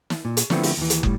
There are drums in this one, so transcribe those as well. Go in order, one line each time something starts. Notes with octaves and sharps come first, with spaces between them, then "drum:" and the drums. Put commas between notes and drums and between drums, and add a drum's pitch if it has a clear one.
drum: snare
A#2
drum: hi-hat
D3 F3 A3 B3 C4 E4, drum: snare
drum: open hi-hat
D#2 E3
drum: hi-hat
A2 G3, drum: kick